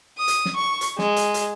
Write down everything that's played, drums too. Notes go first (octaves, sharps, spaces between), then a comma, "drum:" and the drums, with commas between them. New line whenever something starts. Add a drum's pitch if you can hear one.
D#6
drum: hi-hat
drum: snare
C#6
drum: hi-hat
G#3, drum: snare
drum: hi-hat
drum: hi-hat